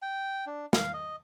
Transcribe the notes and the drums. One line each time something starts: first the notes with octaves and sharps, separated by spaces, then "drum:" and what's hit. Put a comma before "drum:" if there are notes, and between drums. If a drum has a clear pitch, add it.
G5
D4
F5, drum: snare
D#5